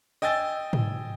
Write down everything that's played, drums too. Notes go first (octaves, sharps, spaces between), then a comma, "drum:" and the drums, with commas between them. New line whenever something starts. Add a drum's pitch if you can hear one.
D#5 G5 G#5 E6 A6
drum: tom G#2